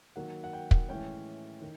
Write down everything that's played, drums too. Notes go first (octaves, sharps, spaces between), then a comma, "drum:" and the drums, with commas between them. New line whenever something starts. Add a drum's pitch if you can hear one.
D#3 F#3 A#3 F#5
F#5
G5
drum: kick
A2 E3 G#3 C#4 G5
D#3